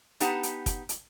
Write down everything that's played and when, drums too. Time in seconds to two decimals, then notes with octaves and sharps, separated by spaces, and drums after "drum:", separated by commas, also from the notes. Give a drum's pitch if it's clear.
0.20 B3 D#4 G4 B4 F#5 A5, drum: hi-hat
0.43 drum: hi-hat
0.66 drum: kick, hi-hat
0.89 drum: hi-hat